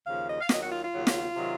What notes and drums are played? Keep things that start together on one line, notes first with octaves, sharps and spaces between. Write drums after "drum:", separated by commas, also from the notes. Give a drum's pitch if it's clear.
D#2 C#3 F3 F5
D#5
F5
D#2 D#3 F#3 D#5, drum: snare
F#4
F4
F4
D#2 C#3 F#3
drum: snare
C3 D#3 F#3